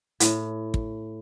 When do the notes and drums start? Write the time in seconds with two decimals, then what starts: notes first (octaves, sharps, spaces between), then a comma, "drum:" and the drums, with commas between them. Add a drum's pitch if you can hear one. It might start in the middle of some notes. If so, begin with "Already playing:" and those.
0.20 A2, drum: hi-hat
0.74 drum: kick